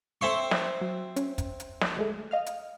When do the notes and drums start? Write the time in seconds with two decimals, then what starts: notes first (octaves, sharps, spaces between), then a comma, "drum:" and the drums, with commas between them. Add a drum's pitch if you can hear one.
0.21 C4 A4 C#5 E5 C6 C#6
0.51 drum: snare
0.81 F#3
1.16 C#4, drum: hi-hat
1.38 drum: kick, hi-hat
1.60 drum: hi-hat
1.81 drum: snare
1.97 D2 G#3 A3
2.31 D#5 F5 F6
2.46 drum: hi-hat